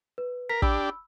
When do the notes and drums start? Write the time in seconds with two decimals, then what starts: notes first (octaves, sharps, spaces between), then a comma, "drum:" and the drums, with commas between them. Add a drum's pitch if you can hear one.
0.18 B4
0.49 A#4 B6
0.62 D4 G4 B5 E6, drum: kick